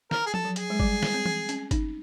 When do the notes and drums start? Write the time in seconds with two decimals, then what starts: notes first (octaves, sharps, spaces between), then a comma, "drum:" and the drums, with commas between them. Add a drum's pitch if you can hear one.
0.11 A#4, drum: snare
0.26 G#4
0.34 A4, drum: tom F3
0.45 F#3
0.56 G#4, drum: hi-hat
0.70 G#3
0.80 G3, drum: kick G1
1.03 drum: snare
1.14 C4
1.26 drum: tom E3
1.49 C#4, drum: hi-hat
1.71 D#4, drum: kick G1, hi-hat